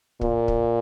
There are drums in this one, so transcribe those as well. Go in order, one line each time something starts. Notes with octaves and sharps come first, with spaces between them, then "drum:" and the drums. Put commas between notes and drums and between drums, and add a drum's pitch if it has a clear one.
A#2, drum: kick
drum: kick